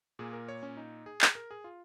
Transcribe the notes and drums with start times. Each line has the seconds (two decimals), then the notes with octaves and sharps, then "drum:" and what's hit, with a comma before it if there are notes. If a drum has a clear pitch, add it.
0.19 A#2 A#3 G#4
0.33 A#4
0.48 C#5
0.63 C#4
0.77 D#4
1.06 G#4
1.21 drum: clap
1.35 A#4
1.51 G#4
1.64 F4